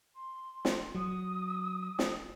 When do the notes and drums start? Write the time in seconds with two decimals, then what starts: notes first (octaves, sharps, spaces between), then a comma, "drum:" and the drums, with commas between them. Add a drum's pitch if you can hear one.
0.15 C6
0.65 drum: snare
0.94 F#3 D#6
1.99 drum: snare